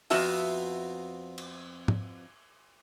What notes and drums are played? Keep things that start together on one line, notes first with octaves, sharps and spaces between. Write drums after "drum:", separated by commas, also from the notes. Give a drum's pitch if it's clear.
F2 B3 C4 F#4 E5 A5, drum: open hi-hat
drum: cymbal
drum: tom